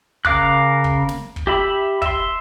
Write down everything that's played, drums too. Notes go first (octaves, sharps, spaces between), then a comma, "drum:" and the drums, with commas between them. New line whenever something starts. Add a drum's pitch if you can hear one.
C#3 A#4 F5 D6 F#6, drum: kick
drum: kick
drum: snare
drum: kick
G4 E5 B5
E5 C6, drum: kick